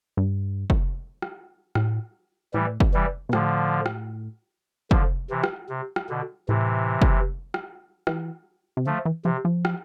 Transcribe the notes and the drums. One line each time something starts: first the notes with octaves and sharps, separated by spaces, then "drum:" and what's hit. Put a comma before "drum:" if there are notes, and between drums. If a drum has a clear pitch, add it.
G2
drum: kick
drum: rim click
A2, drum: rim click
A2 E3 G3
drum: kick
E3 G3
B2
A2 D3 F3, drum: rim click
drum: rim click
D3 F3, drum: kick
C3 E3
drum: rim click
C3
drum: rim click
B2 D3
A2 C3 E3
drum: kick
drum: rim click
E3, drum: rim click
C3
D3 F3 A3
E3
C3 F3
F3
drum: rim click